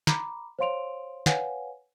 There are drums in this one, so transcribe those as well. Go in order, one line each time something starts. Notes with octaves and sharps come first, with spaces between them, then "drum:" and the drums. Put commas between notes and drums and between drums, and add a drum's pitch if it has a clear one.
A#5 B5 D6, drum: snare
C5 C#5 F5 C6 D7 F7
B4 C#5 F5 F#5 G#5, drum: snare